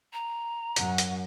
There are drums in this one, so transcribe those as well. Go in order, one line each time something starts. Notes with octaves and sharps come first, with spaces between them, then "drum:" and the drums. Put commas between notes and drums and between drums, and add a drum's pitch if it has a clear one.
A#5
F#2 F#5, drum: hi-hat
drum: hi-hat